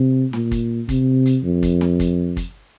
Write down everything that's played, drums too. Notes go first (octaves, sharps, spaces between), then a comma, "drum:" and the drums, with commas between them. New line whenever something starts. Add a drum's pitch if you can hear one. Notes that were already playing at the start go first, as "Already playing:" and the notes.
Already playing: C3
A#2, drum: snare
drum: kick, hi-hat
C3, drum: kick, hi-hat
drum: hi-hat
F2
drum: kick, hi-hat
drum: snare
drum: kick, hi-hat
drum: kick, hi-hat